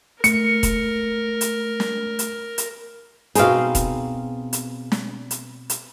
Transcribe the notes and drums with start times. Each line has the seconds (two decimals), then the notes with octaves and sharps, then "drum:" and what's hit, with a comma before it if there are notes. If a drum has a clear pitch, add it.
0.24 A3 A#4 C#7, drum: hi-hat
0.63 drum: kick E1, hi-hat
1.41 drum: hi-hat
1.80 drum: snare
2.19 drum: hi-hat
2.58 drum: hi-hat
3.35 B2 C4 D#4 G#4 F5, drum: hi-hat
3.75 drum: kick E1, hi-hat
4.53 drum: hi-hat
4.92 drum: snare
5.31 drum: hi-hat
5.70 drum: hi-hat